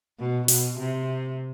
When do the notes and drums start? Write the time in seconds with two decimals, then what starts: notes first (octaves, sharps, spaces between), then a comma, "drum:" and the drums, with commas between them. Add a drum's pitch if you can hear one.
0.19 B2
0.48 B2, drum: open hi-hat
0.78 C3